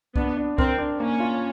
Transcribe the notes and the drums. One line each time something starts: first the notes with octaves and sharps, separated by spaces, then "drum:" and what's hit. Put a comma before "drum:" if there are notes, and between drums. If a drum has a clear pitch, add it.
B3 D4, drum: kick C2
D4
C4 A#4, drum: kick C2
D4
A#3 C#4
F4